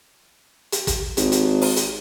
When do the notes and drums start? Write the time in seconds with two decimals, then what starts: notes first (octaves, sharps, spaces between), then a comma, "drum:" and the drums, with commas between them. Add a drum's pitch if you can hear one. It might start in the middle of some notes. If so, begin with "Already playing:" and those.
0.72 drum: hi-hat
0.87 drum: kick, hi-hat
1.17 G#1, drum: hi-hat
1.32 drum: hi-hat
1.62 drum: open hi-hat
1.76 drum: hi-hat